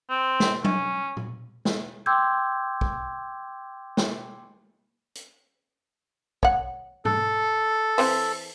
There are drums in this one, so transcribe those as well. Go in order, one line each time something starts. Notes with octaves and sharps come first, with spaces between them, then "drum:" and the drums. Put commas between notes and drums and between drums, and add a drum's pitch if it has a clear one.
C4
drum: snare
C#4, drum: tom F#3
drum: tom A#2
drum: snare
G5 C6 D6 E6 G6 G#6
drum: kick
drum: snare
drum: hi-hat
C#5 F#5, drum: kick
A4, drum: tom G#2
E3 C4 C5, drum: open hi-hat